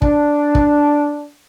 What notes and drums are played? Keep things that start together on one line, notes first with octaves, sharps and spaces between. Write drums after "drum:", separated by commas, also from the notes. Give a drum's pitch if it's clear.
D4, drum: kick
drum: kick